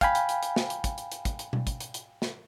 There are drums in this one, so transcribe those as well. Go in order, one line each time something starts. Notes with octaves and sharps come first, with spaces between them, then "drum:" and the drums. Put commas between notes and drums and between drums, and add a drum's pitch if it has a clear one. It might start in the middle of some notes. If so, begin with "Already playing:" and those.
F5 G5 G#5 B5, drum: kick, hi-hat
drum: hi-hat
drum: hi-hat
drum: hi-hat
drum: snare
drum: hi-hat
drum: kick, hi-hat
drum: hi-hat
drum: hi-hat
drum: kick, hi-hat
drum: hi-hat
drum: tom B2
drum: kick, hi-hat
drum: hi-hat
drum: hi-hat
drum: snare